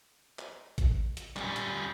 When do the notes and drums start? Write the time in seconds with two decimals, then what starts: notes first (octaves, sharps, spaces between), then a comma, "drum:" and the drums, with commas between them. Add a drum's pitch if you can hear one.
0.39 drum: clap
0.78 drum: kick G#1, hi-hat
1.17 drum: hi-hat
1.36 G3 C#4, drum: clap
1.56 drum: hi-hat